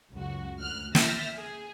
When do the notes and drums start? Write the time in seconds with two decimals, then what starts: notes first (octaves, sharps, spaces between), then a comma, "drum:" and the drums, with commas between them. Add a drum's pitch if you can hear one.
0.13 C#2 F#2 F#4
0.57 D2 F6 F#6
0.95 E5 E6 F6 G6 A6 A#6, drum: snare
1.36 G#4